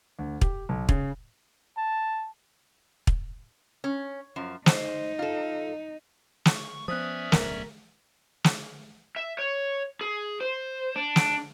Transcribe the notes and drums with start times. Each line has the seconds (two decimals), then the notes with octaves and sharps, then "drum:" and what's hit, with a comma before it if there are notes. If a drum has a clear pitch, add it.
0.19 D2
0.41 G4, drum: kick
0.69 B1
0.89 C#3, drum: kick
1.78 A5
3.07 drum: kick
3.84 C#4
4.36 F#2 F3
4.66 D#4 C5, drum: snare
5.19 F4 A4
6.45 C#6, drum: snare
6.88 F3 B3 C#4 C5 D5 E5 D#6 F#6
7.32 D1 B1 A3 A#4, drum: snare
8.44 drum: snare
9.16 E5
9.39 C#5
10.01 G#4
10.41 C5
10.96 D4
11.16 drum: snare